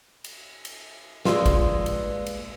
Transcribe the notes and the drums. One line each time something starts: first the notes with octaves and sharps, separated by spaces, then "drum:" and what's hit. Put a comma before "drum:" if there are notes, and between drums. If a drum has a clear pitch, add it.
drum: cymbal
drum: cymbal
G#3 A#3 F4 B4 D5 F5 C6 E6, drum: snare
drum: kick, cymbal
drum: cymbal
drum: cymbal